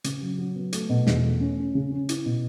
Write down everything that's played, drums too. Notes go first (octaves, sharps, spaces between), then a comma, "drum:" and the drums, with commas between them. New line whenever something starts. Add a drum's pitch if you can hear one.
C#3, drum: hi-hat
F#3
F#3
B3
A3, drum: hi-hat
B2
E2, drum: snare
A3
C#4
C#4
C#3
C#4
E4, drum: hi-hat
B2